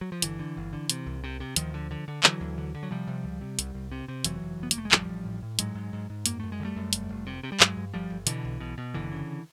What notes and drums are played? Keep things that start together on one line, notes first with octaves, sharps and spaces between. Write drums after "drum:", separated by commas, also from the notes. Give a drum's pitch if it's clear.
F#3
F3
G1 D3 E3, drum: hi-hat
D3
G1
D3
C3, drum: hi-hat
C2
C3
C3
D2 D#3 F3, drum: hi-hat
D3
D3
D3
D3 E3 F#3, drum: clap
D2
D3
D3
F#3
C3 F3 G3
C3
C#2
C3
C2, drum: hi-hat
C2
C3
C3
F1 E3 F#3, drum: hi-hat
F1
F1
B3
A#3, drum: hi-hat
F1 A3
G#3
A1 F3 G3, drum: clap
A1
A2
A2
G#2 F#3 G#3, drum: hi-hat
G#2
G#2
G#2
F#2 A#3, drum: hi-hat
F#2 A3
G#3
D3
G3 A3
F#2
F1, drum: hi-hat
F1
C3
C3
G3
G2 F#3 G#3, drum: clap
G2
G1 F3 G3
G1
B2 D3 E3, drum: hi-hat
B1
B2
B2
F#1 D3 E3
C#3